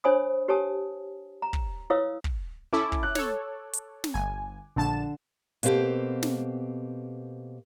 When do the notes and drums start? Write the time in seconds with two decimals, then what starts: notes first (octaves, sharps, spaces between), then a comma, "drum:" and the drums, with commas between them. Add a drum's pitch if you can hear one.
0.04 D4 C5 C#5 G#5 B5 D#6
0.48 G4 B4 C#5 G#5 A5 D#6
1.42 A#5
1.53 drum: kick
1.90 E4 B4 C#5 F5 D#6 E6
2.24 drum: kick
2.73 C#4 E4 A4 D6
2.92 drum: kick
3.03 F#6
3.15 A4 C#5, drum: snare
3.73 drum: hi-hat
4.04 drum: snare
4.14 G1 G#5
4.76 A#1 D3 A5 E7
5.63 B2 A#3 C4 D#4 G4 A4, drum: hi-hat
6.23 drum: snare